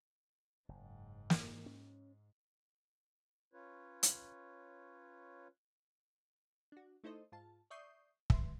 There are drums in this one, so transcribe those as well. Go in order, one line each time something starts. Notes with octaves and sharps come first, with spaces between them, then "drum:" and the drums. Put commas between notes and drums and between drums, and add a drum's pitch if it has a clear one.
F#1 G#2
drum: snare
C#4
C#4 F4 B4 C#5
drum: hi-hat
D4 F#4
A3 D#4 E4 A4 C5 D#5
G#2 F4 A5
D5 E5 C#6 D#6 G6 C7
B4 E5 C6, drum: kick